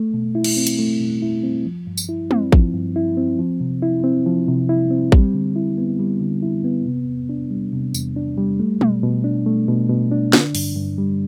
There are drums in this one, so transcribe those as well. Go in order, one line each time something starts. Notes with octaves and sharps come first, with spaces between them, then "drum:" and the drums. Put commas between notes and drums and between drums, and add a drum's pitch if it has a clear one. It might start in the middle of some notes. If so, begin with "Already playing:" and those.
Already playing: A3
B2
E4
drum: cymbal
C4
drum: hi-hat
A3
B2
E4
C4
F3
G2
drum: tambourine
E4
C4, drum: tom
F3, drum: kick
G2
E4
C4
F3
C3
E4
C4
F3
C3
E4
C4
G3, drum: kick
D3
E4
B3
G3
D3
E4
B3
C3
E2
D4
G3
C3
E2, drum: tambourine
D4
G3
A3
B2, drum: tom
B2
D4
A3
B2
B2
D4
D3, drum: snare
G2, drum: open hi-hat
G2
G3